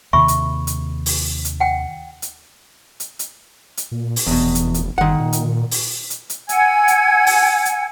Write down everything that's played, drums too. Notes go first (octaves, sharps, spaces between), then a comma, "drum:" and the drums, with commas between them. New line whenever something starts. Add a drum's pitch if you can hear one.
D#2 C3 D#3 E5 B5 C#6
drum: hi-hat
drum: hi-hat
drum: open hi-hat
drum: hi-hat
F#5 G5
drum: hi-hat
drum: hi-hat
drum: hi-hat
drum: hi-hat
A#2
drum: open hi-hat
F1 E2 B2
drum: hi-hat
drum: hi-hat
G1 D#3 F#5
A#2
drum: hi-hat
drum: open hi-hat
drum: hi-hat
drum: hi-hat
F#5 G#5 E6 G#6, drum: hi-hat
drum: hi-hat
drum: open hi-hat
drum: hi-hat